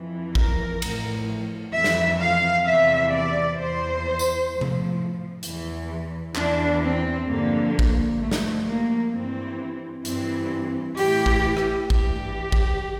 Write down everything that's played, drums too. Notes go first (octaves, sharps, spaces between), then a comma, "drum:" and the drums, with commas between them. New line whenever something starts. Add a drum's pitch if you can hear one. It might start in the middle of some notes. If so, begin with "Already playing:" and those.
Already playing: F2 E3
A#4, drum: kick A1
A2 F3, drum: cymbal
F2 E3 E5
drum: snare
F5
E2 C3 E3 E5
D5
E2 E3 C5
drum: tambourine
A2 F3
drum: tom C3
E2 E3, drum: hi-hat
E2 E3 D4, drum: clap
C4
G2 D3 F3 A#3
drum: kick A1
G2 D3 F3 A3
drum: snare
A#3
G2 E3 C4
G2 E3 C4, drum: hi-hat
A2 E3 G4, drum: open hi-hat
drum: kick A1
drum: rim click
G2 E3 G4, drum: kick A1
drum: kick A1